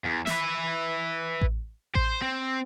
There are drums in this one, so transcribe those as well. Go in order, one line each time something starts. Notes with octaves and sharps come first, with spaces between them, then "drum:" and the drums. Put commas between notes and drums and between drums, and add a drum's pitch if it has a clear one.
E2
B4 E5, drum: snare
drum: kick A1
C5, drum: kick A1
C4